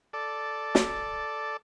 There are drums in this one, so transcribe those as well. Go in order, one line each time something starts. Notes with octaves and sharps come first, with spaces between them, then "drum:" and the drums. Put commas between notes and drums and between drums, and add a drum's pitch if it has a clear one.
A4 D5
drum: snare